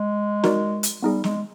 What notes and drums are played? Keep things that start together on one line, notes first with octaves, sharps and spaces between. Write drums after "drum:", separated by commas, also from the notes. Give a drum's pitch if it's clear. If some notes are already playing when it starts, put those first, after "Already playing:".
Already playing: G#3
D#4 F#4 A#4 D5, drum: snare
drum: hi-hat
G3 B3 D#4 G#4
G#3, drum: snare